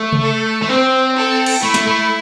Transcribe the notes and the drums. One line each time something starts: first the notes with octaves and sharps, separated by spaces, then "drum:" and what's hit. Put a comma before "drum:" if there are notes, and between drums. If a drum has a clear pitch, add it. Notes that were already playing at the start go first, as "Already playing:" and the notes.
Already playing: A3
drum: tom C3
A4
A3
C4 C5
A4
drum: cymbal
A3 E4
drum: snare
A3